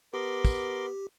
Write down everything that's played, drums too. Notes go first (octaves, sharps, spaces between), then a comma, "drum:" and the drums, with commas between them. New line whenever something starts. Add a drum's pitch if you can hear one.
B3 G4 A#4 C6 D6
drum: kick, tambourine